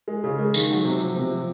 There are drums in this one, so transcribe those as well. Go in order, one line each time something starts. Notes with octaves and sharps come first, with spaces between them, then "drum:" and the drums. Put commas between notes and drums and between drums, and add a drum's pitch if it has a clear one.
G#3
C#3
G#3
D#3, drum: tambourine
F#3
C3
F3
C3
F3